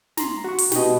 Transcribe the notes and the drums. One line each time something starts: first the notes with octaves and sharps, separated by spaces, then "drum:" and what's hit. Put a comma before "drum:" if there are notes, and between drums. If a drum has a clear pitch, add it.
A#5 C6, drum: snare
F#4 C#6
drum: open hi-hat
B2 G4 D#5, drum: snare